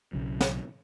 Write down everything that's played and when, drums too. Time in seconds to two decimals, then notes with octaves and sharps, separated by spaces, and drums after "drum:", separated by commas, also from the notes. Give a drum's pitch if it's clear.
0.13 B1 C#3 F#3
0.41 drum: snare